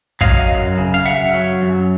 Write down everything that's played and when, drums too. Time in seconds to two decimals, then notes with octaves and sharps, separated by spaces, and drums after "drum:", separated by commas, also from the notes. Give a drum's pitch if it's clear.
0.21 F#3 D#5 F5, drum: kick
0.49 F#2
0.78 C#3
0.94 F5
1.05 F#2 E5 F#5
1.34 F#3
1.62 F#2